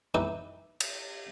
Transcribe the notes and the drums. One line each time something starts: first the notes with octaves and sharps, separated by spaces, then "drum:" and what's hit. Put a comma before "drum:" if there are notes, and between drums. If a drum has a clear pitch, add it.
E3 D#4 E4 G4 B4
drum: cymbal